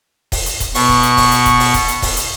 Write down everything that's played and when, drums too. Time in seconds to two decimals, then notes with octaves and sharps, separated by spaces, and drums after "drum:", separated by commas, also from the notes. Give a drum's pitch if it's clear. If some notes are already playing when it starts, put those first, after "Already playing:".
0.32 drum: kick D#1, open hi-hat
0.46 drum: hi-hat
0.60 drum: kick D#1, hi-hat
0.74 B2 C#6, drum: open hi-hat
0.89 drum: kick D#1
1.03 drum: hi-hat
1.17 drum: kick D#1, open hi-hat
1.31 drum: hi-hat
1.46 drum: kick D#1, hi-hat
1.60 drum: open hi-hat
1.74 drum: kick D#1, hi-hat
1.88 drum: hi-hat
2.02 drum: kick D#1, open hi-hat
2.17 drum: hi-hat